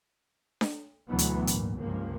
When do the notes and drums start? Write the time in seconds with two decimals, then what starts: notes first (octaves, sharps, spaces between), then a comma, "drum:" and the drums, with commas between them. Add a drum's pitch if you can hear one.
0.61 drum: snare D4
1.09 D2 B2 E3 F#3 B3
1.19 drum: hi-hat
1.47 G#1 A#2, drum: hi-hat
1.80 C#2 G2 F3 A#3